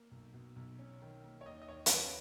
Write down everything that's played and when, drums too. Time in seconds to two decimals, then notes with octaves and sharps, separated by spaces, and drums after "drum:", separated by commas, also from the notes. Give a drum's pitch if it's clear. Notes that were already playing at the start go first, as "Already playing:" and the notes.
Already playing: A#3
0.11 B1
0.34 B2
0.56 B1
0.79 C#4
1.02 D#3
1.24 A#3
1.41 C#5
1.46 D#2 D#5
1.62 D#5
1.68 D#2 C#5
1.86 B4, drum: hi-hat
1.91 D#2 C#5